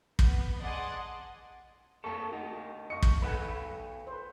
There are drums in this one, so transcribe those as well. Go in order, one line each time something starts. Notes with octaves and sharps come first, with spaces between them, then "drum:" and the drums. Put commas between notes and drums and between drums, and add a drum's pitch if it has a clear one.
B3, drum: kick
G#4 D5 D#5 F#5 A5 C6
C3 A#3 A4 A5 C#6
D2 D#4 F#4 G#4
D#5 F5 C#6 C#7
drum: kick
B2 A4 B4 F#5 G#5 B5
B4 C5